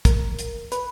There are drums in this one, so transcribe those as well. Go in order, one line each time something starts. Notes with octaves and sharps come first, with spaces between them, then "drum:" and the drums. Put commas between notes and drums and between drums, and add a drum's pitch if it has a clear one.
A#4, drum: kick, hi-hat
drum: hi-hat
B4, drum: hi-hat